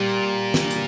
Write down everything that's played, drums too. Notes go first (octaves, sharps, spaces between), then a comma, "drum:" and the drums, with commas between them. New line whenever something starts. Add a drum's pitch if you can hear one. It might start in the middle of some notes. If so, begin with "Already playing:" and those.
Already playing: A#2 G3
drum: snare
drum: hi-hat